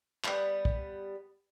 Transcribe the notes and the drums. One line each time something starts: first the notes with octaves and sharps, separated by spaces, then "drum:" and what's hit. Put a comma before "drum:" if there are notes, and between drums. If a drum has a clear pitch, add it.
G3 B3, drum: clap
drum: kick